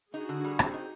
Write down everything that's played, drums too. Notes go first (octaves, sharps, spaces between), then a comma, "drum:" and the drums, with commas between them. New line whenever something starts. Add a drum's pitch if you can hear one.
D#4 F#4 G#4
D3
G3
C4, drum: rim click
D#4